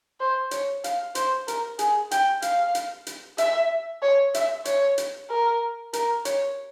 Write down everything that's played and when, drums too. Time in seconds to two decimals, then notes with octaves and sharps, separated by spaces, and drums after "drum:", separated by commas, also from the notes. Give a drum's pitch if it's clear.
0.20 C5
0.51 C#5, drum: hi-hat
0.84 F5, drum: hi-hat
1.15 C5, drum: hi-hat
1.48 A#4, drum: hi-hat
1.79 G#4, drum: hi-hat
2.11 G5, drum: hi-hat
2.42 F5, drum: hi-hat
2.75 drum: hi-hat
3.07 drum: hi-hat
3.38 E5, drum: hi-hat
4.02 C#5
4.34 E5, drum: hi-hat
4.65 C#5, drum: hi-hat
4.98 drum: hi-hat
5.30 A#4
5.93 A#4, drum: hi-hat
6.25 C#5, drum: hi-hat